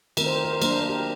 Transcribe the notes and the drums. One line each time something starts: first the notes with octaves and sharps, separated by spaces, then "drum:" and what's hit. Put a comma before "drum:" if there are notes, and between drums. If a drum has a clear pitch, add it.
D#3 A3 C4 A#4, drum: cymbal
C5
A#4
C5
A#4
F#3 A#3 D4 C5, drum: cymbal
A#4
C5
G4 A#4